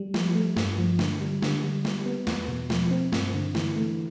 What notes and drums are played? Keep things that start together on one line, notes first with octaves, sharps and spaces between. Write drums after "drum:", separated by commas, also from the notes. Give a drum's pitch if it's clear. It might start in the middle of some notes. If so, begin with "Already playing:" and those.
Already playing: G3
F3, drum: snare
A3
G2, drum: snare
F3
D3, drum: snare
G3
D3, drum: snare
G3
G3, drum: snare
B3
E2, drum: snare
B2
F3, drum: snare
C4
G2, drum: snare
D3
E3, drum: snare
A3